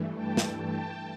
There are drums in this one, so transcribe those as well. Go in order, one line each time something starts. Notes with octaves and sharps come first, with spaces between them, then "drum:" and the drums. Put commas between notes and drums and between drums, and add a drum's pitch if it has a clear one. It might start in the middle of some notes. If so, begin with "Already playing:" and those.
Already playing: G2 E3 A3
G5 A5
drum: snare
G5 A5